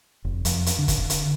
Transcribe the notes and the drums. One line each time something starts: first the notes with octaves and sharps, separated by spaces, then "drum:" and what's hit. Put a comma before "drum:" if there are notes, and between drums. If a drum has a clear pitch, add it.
F1
F2, drum: hi-hat
drum: hi-hat
D3
drum: kick, hi-hat
drum: hi-hat